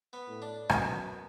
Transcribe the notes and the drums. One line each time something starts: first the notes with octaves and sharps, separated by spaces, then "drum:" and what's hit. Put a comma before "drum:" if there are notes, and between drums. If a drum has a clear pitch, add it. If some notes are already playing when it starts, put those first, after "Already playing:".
B3
A2
D4
F#2 B3, drum: rim click